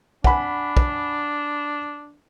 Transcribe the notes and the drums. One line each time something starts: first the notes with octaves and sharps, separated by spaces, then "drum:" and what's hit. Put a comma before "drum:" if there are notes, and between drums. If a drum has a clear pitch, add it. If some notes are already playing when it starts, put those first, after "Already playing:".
D4 F#5 G#5 B5, drum: kick
drum: kick